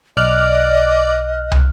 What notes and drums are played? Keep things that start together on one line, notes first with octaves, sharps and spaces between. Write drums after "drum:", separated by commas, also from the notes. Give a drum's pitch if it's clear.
B1 D5 D#5 F6 F#6
drum: tom